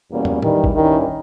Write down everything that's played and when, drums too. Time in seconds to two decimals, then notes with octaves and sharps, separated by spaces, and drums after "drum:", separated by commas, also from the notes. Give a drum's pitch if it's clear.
0.11 E2 B2 G3 A#3 C#4
0.25 drum: tom
0.42 G2 D#3 E3 G3, drum: tom A2
0.64 drum: kick
0.74 G2 D#3 G3 C#4 E4